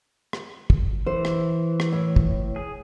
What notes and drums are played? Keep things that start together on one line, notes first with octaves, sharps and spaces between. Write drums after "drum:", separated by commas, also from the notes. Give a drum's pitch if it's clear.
drum: rim click
drum: kick
E3 C5
drum: rim click
drum: rim click
A2 E4 C#5
drum: kick
G#4